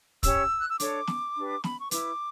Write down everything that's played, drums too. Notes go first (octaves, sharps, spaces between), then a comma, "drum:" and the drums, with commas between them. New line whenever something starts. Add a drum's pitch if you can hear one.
C#4 G4 C#5 E6, drum: kick, hi-hat
F#6
E6
D4 A4 C#5 D6, drum: hi-hat
drum: snare
D4 G4 B4
B5, drum: snare
C#6
E4 B4 D6, drum: hi-hat